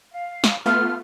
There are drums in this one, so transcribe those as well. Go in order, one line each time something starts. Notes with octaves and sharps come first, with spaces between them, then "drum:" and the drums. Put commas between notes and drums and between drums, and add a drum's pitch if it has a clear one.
F5
drum: snare
A3 B3 F4 F6